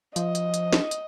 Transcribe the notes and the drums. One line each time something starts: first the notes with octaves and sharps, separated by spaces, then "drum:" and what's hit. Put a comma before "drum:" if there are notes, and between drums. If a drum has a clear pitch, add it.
F3 D#5, drum: hi-hat
drum: hi-hat
drum: hi-hat
drum: snare
drum: hi-hat